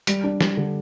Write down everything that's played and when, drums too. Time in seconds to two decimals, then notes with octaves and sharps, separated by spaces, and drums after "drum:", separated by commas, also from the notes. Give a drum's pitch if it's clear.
0.07 G3, drum: hi-hat
0.24 D4
0.41 G3, drum: snare
0.57 D3